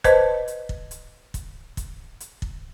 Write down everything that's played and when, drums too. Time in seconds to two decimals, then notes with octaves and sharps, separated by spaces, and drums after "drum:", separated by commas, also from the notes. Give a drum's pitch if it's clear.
0.04 B4 C5 D#5 A5, drum: kick, hi-hat
0.48 drum: hi-hat
0.69 drum: kick
0.91 drum: hi-hat
1.34 drum: kick, hi-hat
1.77 drum: kick, hi-hat
2.20 drum: hi-hat
2.42 drum: kick